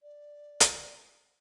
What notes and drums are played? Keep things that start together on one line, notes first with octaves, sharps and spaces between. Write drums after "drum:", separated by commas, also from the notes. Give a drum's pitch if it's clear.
D5
drum: hi-hat